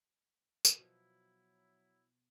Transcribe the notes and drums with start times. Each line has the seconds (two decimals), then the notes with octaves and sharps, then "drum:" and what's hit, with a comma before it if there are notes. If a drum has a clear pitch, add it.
0.65 drum: tambourine
0.78 B2 F3 F#3 E4